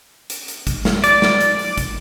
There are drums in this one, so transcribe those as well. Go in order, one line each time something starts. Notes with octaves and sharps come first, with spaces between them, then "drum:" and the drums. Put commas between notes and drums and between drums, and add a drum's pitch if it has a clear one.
drum: hi-hat
drum: hi-hat
drum: kick, hi-hat
drum: snare
D5, drum: hi-hat
drum: snare
drum: hi-hat
drum: open hi-hat
drum: kick, hi-hat